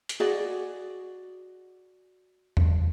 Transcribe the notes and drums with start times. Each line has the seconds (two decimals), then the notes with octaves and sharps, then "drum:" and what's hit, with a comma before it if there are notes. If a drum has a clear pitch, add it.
0.09 drum: hi-hat
0.20 F#4 G#4 D5 D#5
2.57 drum: tom E2